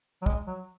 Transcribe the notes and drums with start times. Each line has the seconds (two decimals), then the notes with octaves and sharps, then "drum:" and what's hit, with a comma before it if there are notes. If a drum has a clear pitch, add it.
0.22 F#3
0.26 G#3, drum: kick
0.47 F#3